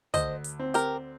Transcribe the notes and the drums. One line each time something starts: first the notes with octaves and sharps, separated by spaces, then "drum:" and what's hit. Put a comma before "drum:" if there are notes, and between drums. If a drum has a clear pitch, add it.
D2 C5 D#5, drum: kick, hi-hat
drum: hi-hat
C4
G4 A#4, drum: hi-hat